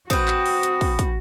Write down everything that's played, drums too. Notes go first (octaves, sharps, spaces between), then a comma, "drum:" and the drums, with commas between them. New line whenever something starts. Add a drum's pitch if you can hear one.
C4 F#4 B4 D#6, drum: kick
drum: clap
drum: open hi-hat
drum: hi-hat
drum: kick, open hi-hat
drum: kick, hi-hat